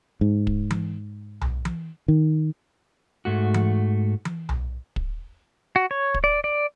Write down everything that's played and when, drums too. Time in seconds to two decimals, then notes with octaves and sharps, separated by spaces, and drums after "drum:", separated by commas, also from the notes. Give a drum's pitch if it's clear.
0.21 G#2
0.47 drum: kick
0.70 drum: tom E3
1.41 drum: tom B1
1.65 drum: tom E3
2.08 D#3
3.25 G#2 A3 F#4
3.54 drum: tom E3
4.25 drum: tom E3
4.49 drum: tom B1
4.96 drum: kick
5.76 F#4
5.91 C#5
6.14 drum: kick
6.24 D5
6.44 D5